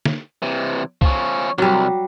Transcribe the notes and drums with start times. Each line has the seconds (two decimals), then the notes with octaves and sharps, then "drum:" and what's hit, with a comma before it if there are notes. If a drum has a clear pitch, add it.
0.06 drum: snare
0.42 C3 E3
1.02 F3 C#4, drum: kick
1.58 C2 F#3 G3